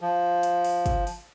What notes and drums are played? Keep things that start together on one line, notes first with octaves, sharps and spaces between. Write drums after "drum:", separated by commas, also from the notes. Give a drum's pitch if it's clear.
F3
drum: hi-hat
drum: open hi-hat
drum: kick, hi-hat
drum: open hi-hat